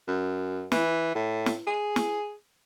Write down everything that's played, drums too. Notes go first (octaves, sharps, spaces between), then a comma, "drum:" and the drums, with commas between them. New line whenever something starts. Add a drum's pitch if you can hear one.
F#2
E3, drum: snare
A2
drum: snare
G#4
drum: snare